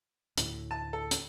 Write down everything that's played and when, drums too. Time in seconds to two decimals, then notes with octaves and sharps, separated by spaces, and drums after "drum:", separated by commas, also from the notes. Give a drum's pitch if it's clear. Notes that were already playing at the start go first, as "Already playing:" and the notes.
0.38 D2 A2, drum: hi-hat
0.71 A5
0.93 A4
1.11 drum: hi-hat